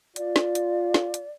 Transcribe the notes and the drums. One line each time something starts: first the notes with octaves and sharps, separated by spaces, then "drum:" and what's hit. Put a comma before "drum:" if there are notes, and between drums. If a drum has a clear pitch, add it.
F4 D5, drum: hi-hat
drum: snare
drum: hi-hat
drum: snare
drum: hi-hat